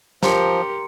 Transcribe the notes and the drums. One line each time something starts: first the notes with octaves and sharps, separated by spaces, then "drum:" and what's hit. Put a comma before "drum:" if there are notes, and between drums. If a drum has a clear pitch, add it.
F3 G4 A#4 A#5 C6 C#7, drum: snare